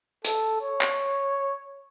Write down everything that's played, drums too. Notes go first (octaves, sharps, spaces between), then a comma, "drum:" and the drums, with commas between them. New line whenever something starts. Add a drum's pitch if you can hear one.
A4, drum: hi-hat
C#5
drum: clap